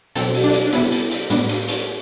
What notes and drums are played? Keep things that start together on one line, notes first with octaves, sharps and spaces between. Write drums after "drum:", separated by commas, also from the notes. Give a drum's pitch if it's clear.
B2 F#3 C4 A4, drum: hi-hat
drum: open hi-hat
D4
drum: hi-hat
D4
C3 G3 B3 E4, drum: hi-hat
drum: hi-hat
drum: hi-hat
A2 G3 B3 D4, drum: hi-hat
drum: hi-hat
drum: hi-hat